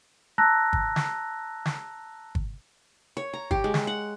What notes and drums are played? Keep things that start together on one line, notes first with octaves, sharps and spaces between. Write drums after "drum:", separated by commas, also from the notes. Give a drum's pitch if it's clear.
A5 A#5 E6 F#6 A#6
drum: kick
drum: snare
drum: snare
drum: kick
C#5
A#5
G4, drum: kick
G#3
drum: snare
F#5